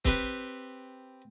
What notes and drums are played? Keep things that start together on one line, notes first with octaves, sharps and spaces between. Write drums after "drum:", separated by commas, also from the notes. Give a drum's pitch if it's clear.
C4 G4 B4, drum: kick